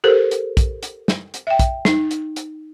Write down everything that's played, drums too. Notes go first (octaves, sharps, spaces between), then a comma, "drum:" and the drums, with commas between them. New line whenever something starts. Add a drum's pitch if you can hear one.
G4 A4 A#4 C5
drum: hi-hat
drum: kick, hi-hat
drum: hi-hat
drum: snare
drum: hi-hat
E5 G5
drum: kick, hi-hat
D#4, drum: snare
drum: hi-hat
drum: hi-hat